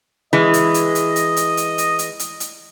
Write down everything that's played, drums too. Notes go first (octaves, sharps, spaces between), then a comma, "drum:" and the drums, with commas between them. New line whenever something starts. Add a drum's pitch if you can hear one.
E3 G#3 D#5
drum: hi-hat
drum: hi-hat
drum: hi-hat
drum: hi-hat
drum: hi-hat
drum: hi-hat
drum: hi-hat
drum: hi-hat
drum: hi-hat
drum: hi-hat